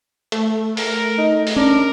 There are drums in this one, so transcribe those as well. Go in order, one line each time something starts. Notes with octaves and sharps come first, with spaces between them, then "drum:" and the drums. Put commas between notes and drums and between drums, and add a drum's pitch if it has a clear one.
A3, drum: hi-hat
A#4, drum: open hi-hat
D#4
drum: open hi-hat
C#4 D4 A#4